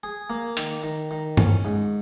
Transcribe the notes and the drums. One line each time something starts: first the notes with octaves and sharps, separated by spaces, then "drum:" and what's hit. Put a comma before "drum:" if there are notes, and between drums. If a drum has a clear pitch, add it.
G#4
A#3
D#3, drum: hi-hat
D#3
D#3
C#4, drum: tom G2
G#2